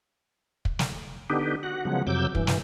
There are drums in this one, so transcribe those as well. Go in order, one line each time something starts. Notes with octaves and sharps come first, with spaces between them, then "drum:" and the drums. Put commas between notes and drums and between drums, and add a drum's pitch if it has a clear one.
drum: kick
drum: snare
D3 B3 D4 D#4 G4
F#4 F#5
C#3 F3 F#3 G#3 B3 F#5
F2 C3 F#3 D6 E6 G6
G2 E3, drum: kick
drum: snare